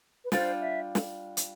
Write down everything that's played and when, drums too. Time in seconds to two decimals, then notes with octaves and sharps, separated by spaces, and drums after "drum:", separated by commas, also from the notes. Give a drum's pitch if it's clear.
0.25 B4
0.32 G3 D4 F4 C5, drum: snare
0.60 E5
0.95 drum: snare
1.37 drum: hi-hat